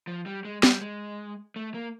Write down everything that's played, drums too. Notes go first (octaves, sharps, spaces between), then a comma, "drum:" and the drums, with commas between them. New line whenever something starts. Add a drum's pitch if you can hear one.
F3
G3
G#3
G3, drum: snare
G#3
A3
A#3